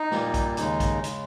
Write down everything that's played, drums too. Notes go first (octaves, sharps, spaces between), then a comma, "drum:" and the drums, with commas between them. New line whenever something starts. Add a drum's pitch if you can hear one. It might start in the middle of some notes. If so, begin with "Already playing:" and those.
Already playing: D#4
A#2 G3 A#3, drum: snare
drum: kick A#1, hi-hat
D#2 C#3 G#3 D#4, drum: hi-hat
drum: kick A#1, hi-hat
C#3 G#3, drum: hi-hat